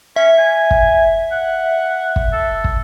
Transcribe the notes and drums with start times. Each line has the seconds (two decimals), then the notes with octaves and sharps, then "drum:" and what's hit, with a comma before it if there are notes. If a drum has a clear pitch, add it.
0.16 C#4 E5
0.38 G#5
0.71 drum: kick
1.32 F#5
2.16 drum: kick
2.32 A4
2.64 drum: kick